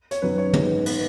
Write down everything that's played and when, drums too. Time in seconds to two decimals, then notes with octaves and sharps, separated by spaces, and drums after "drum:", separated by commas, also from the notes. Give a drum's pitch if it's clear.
0.11 C#5, drum: hi-hat
0.22 F#2 D#3 F#3 B4
0.38 C#5
0.53 G#2 D#3 G#3 B3 D#4 B4, drum: tom
0.86 D#3 B3 B4, drum: cymbal